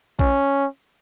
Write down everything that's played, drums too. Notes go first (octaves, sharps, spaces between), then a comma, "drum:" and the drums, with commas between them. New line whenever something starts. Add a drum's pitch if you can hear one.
C#4, drum: kick A#1